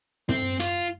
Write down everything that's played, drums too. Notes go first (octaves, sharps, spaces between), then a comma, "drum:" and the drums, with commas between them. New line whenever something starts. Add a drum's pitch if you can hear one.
C4, drum: tom
F4, drum: hi-hat